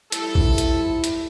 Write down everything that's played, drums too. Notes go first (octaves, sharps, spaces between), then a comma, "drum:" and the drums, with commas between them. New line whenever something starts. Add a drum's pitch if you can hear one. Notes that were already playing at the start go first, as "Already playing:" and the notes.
F3 G3 E4 A4, drum: hi-hat
drum: kick
drum: hi-hat
drum: hi-hat